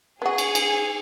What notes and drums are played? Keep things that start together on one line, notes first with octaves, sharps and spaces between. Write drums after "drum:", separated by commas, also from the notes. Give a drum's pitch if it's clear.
B3 F#4 G#4
drum: cymbal
drum: cymbal